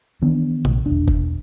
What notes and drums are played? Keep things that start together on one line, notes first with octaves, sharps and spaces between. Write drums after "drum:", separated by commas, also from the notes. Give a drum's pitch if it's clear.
D#3 E3 B3 D4
A#1, drum: tom C3
E1 D4
drum: kick